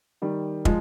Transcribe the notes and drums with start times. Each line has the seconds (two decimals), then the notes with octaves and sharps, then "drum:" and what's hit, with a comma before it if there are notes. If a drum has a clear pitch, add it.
0.22 D#3 G3
0.65 F3 G#3, drum: kick